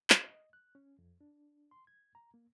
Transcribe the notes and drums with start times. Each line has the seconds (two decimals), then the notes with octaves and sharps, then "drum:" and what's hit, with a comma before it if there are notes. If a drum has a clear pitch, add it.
0.10 F#4, drum: clap
0.28 D#5
0.53 F#6
0.75 C#4
0.99 F2
1.21 D4
1.71 C6
1.87 G#6
2.15 A#5
2.34 A#3